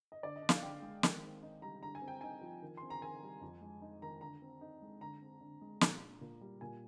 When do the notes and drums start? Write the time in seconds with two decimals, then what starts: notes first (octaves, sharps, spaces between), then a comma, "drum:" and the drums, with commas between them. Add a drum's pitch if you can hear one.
0.12 D#5
0.23 D3 D5
0.36 D#5
0.42 D4
0.49 F5, drum: snare
0.62 D3 G5
0.82 G#3
1.03 D#3, drum: snare
1.23 C4
1.42 D#4
1.62 G3 A#5
1.82 D3 A#5
1.95 G#5
2.02 C4
2.08 G5
2.21 D#4 G#5
2.42 F3
2.62 D#3
2.77 C4 C6
2.90 A#5
3.01 D#3 G#5
3.22 G3
3.41 F2
3.61 G#3
3.81 D#4
4.02 D#3 A#5
4.21 D3 A#5
4.42 C4
4.61 D#4
4.82 G#3
5.01 D3 A#5
5.22 C4
5.41 D3
5.61 G#3
5.81 A#2 A#5, drum: snare
6.01 D4
6.21 A#2
6.41 G3
6.61 A#2 G#5